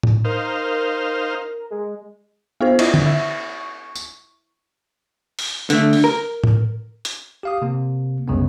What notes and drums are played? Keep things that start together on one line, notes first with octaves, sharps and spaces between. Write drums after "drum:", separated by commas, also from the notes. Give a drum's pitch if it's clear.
drum: tom A2
D#4 A#4 C5 F5
G#3
B3 F4 C5 F5
E4 D5 D#5 C#6, drum: cymbal
drum: tom D3
E5
drum: tambourine
drum: open hi-hat
D3 A3, drum: hi-hat
drum: open hi-hat
A#4
drum: tom A2
drum: hi-hat
G4 F5 D#6
C3 A#3
C2 F#2 C#3 G#3 B3